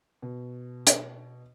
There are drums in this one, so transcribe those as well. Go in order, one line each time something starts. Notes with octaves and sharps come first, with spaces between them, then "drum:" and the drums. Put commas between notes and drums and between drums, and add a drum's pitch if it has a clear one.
B2
drum: hi-hat